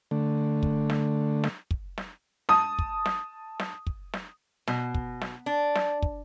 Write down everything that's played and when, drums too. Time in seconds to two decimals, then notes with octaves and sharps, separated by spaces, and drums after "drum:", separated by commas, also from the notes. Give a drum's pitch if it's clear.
0.11 D3 A3
0.63 drum: kick
0.90 drum: snare
1.44 drum: snare
1.71 drum: kick
1.98 drum: snare
2.49 A5 D#6, drum: snare
2.79 drum: kick
3.06 drum: snare
3.60 drum: snare
3.87 drum: kick
4.14 drum: snare
4.67 B2, drum: snare
4.94 drum: kick
5.21 drum: snare
5.46 D4
5.75 drum: snare
6.02 drum: kick